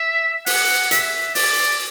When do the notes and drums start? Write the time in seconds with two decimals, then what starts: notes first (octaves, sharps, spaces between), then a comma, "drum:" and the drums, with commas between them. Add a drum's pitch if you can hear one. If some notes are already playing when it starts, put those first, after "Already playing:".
Already playing: E5
0.46 F#5, drum: open hi-hat
0.91 E5, drum: hi-hat
1.35 D5, drum: open hi-hat